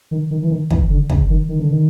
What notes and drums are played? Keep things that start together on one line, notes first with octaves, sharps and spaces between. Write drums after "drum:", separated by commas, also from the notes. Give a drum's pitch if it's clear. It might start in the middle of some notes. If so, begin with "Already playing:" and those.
D#3
D#3
E3
D#3
E3, drum: kick
D3
C#3, drum: kick
D#3
D#3
D3
D#3